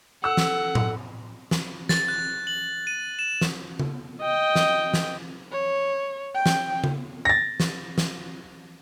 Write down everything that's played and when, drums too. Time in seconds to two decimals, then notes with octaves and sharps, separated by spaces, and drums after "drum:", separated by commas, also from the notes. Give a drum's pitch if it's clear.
0.24 A4 F#5 E6
0.37 drum: snare
0.75 drum: tom A2
1.51 drum: snare
1.89 A6, drum: snare
2.08 F#6
2.47 F#7
2.87 D#7
3.19 E7
3.41 drum: snare
3.79 drum: tom C#3
4.21 D#5 G5
4.56 drum: snare
4.94 drum: snare
5.52 C#5
6.35 G5
6.46 drum: snare
6.84 drum: tom C#3
7.25 A6 A#6
7.60 drum: snare
7.98 drum: snare